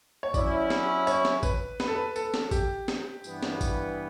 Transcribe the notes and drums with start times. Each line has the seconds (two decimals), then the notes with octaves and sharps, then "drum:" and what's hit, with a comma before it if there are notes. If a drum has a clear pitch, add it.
0.23 C#5
0.34 F#3 C#4 E4 D5, drum: kick A1, tambourine
0.70 drum: snare
1.07 C#5, drum: tambourine
1.25 drum: snare
1.43 B4, drum: kick A1, tambourine
1.80 B4, drum: snare
1.88 A4
1.95 B4
2.16 A4, drum: tambourine
2.34 drum: snare
2.51 G4, drum: kick A1, tambourine
2.88 drum: snare
3.24 G2 E3 B3, drum: tambourine
3.43 drum: snare
3.61 drum: kick A1, tambourine